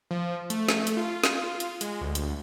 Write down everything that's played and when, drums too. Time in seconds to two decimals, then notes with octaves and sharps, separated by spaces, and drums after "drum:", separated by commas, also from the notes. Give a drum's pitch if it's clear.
0.11 F3
0.50 A3, drum: hi-hat
0.69 drum: snare
0.87 drum: hi-hat
0.97 F4
1.24 drum: snare
1.60 drum: hi-hat
1.81 G#3, drum: hi-hat
2.01 D2
2.15 drum: hi-hat